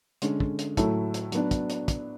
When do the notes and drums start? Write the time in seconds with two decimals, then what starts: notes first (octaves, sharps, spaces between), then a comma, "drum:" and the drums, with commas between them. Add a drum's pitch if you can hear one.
0.22 D3 G#3 C#4, drum: hi-hat
0.40 drum: kick
0.59 drum: hi-hat
0.77 A2 F#3 A3 E4 A4, drum: kick, hi-hat
1.14 drum: hi-hat
1.32 F#3 B3 D4, drum: hi-hat
1.51 drum: kick, hi-hat
1.70 drum: hi-hat
1.88 drum: kick, hi-hat